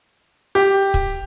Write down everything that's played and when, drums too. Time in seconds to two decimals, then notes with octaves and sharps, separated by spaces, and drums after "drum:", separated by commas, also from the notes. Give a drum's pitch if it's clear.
0.55 G4
0.94 drum: kick C#1